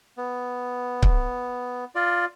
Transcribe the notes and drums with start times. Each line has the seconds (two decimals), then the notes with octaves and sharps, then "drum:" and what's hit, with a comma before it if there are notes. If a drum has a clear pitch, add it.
0.18 B3
1.03 drum: kick C#1
1.95 F4 D5